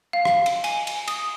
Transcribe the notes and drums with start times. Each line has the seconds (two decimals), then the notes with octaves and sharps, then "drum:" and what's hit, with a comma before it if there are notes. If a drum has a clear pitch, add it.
0.13 F5
0.25 drum: rim click
0.46 drum: cymbal
0.64 G#5, drum: cymbal
0.87 drum: cymbal
1.08 D#6, drum: cymbal